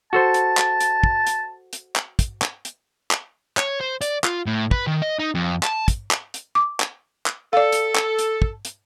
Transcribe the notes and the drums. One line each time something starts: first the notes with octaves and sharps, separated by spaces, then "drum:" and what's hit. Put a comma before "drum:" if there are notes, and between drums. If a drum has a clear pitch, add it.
F#4 A4 C5 A5
drum: hi-hat
drum: clap
drum: hi-hat
drum: kick
drum: hi-hat
drum: hi-hat
drum: clap
drum: kick, hi-hat
drum: clap
drum: hi-hat
drum: clap
C#5, drum: clap
C5
D5, drum: hi-hat
F4, drum: clap
A2
B4, drum: kick
D#3
D#5
D#4
F2
A5, drum: clap
drum: kick, hi-hat
drum: clap
drum: hi-hat
D6
drum: clap
drum: clap
A4 D5 F5
drum: hi-hat
drum: clap
drum: hi-hat
drum: kick
drum: hi-hat